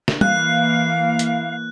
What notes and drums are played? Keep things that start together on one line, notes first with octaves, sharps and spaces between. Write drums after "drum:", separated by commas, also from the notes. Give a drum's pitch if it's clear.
drum: snare
E3 A#3 F5 F#6, drum: tom
drum: hi-hat